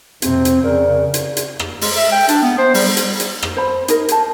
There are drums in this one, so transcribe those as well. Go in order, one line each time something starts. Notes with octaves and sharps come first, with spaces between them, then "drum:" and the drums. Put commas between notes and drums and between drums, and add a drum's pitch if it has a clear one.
F2 C3 C4, drum: hi-hat
drum: hi-hat
F2 C#3 A#4 D5
drum: hi-hat
drum: hi-hat
drum: rim click
G#3, drum: open hi-hat
E5
G5
D4, drum: hi-hat
B3
C5
G3, drum: open hi-hat
drum: hi-hat
drum: hi-hat
drum: rim click
C5 B5
D#4 A#4, drum: hi-hat
C5 A5, drum: hi-hat